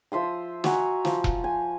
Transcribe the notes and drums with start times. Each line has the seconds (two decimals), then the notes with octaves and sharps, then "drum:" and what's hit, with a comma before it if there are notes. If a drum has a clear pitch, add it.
0.12 F3 E5 C6 D#6
0.64 F#4 G#5 A#5, drum: snare
1.05 F3 A#5, drum: snare
1.24 drum: kick E1
1.44 G#5